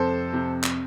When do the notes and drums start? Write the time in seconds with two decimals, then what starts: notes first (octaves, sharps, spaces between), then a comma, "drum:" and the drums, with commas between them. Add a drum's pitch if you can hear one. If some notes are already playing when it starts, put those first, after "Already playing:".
Already playing: F2 C3 A4 C5
0.33 C3
0.64 drum: clap